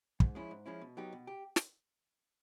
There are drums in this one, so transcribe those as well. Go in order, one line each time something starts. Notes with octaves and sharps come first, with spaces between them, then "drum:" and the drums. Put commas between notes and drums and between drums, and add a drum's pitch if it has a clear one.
G#2, drum: kick
F3 G#3 C#4 E4
G#2
F3 G#3 C#4 E4
B2
F#3 B3 D#4 G4
B2
G4
drum: snare